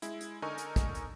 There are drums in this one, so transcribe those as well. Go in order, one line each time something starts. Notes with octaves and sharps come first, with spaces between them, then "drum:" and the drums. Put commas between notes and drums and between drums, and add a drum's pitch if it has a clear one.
G#3 E4, drum: hi-hat
drum: hi-hat
D3 D#4 A#4 G#5 C#6
drum: hi-hat
drum: kick, hi-hat
drum: hi-hat